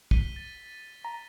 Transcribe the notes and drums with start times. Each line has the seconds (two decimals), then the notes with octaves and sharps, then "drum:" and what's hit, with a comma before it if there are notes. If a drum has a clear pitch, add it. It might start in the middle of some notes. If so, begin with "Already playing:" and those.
0.11 B6 D#7 G7, drum: kick
0.36 A6
1.05 A#5